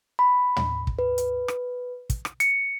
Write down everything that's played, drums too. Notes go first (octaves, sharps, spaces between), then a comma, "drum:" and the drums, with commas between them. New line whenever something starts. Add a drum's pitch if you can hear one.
B5
drum: tom
drum: kick
B4
drum: hi-hat
drum: rim click
drum: kick, hi-hat
drum: rim click
C#7, drum: hi-hat